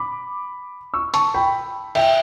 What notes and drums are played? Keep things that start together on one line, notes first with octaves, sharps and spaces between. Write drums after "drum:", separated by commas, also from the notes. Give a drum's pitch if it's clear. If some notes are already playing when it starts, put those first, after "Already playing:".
Already playing: B5 D6
C#6 E6
A5 C#6, drum: hi-hat
G5 B5
E5 G5, drum: cymbal